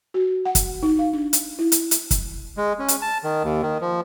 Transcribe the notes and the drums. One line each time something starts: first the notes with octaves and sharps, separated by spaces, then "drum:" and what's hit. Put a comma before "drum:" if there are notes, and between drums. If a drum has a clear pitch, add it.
F#4
F#5
drum: kick, hi-hat
D#4
F5
D4
drum: hi-hat
E4
drum: hi-hat
drum: hi-hat
drum: kick, hi-hat
G#3
C#4
drum: hi-hat
A5
D#3
D#2
D#3
F3